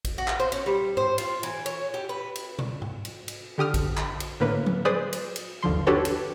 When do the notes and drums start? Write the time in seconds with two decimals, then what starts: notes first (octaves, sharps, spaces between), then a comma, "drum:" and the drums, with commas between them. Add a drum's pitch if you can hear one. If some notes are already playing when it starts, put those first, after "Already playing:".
0.05 drum: kick A1, cymbal
0.18 F#4
0.28 drum: clap
0.40 C5
0.52 C#4, drum: cymbal
0.66 G3
0.97 C5, drum: tom G#2
1.18 F4, drum: cymbal
1.43 E3, drum: cymbal
1.66 C#5, drum: cymbal
1.94 G4
2.09 B4
2.36 drum: cymbal
2.59 drum: tom B2
2.82 drum: tom G#2
3.05 drum: cymbal
3.28 drum: cymbal
3.58 D3 G4 D#6 F6
3.74 drum: kick A1, cymbal
3.97 drum: clap
4.20 drum: cymbal
4.40 A2 D3 A#3 B4
4.66 drum: tom F3
4.85 G#4 B4 C5 D5 D#6
5.13 drum: cymbal
5.36 drum: cymbal
5.63 G1 D#2 D3 F3 C6
5.87 D4 F#4 G4 A4 B4 C#5
6.05 drum: cymbal